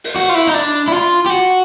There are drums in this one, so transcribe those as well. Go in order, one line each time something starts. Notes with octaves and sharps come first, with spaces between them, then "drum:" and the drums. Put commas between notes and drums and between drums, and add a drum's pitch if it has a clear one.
drum: open hi-hat
F#4
F4
E4
D#4, drum: cymbal
D4
E4
F4
G4
F#4